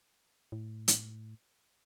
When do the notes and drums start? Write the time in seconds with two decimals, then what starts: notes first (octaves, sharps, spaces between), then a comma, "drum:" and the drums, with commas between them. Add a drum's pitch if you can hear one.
0.52 A2
0.88 drum: hi-hat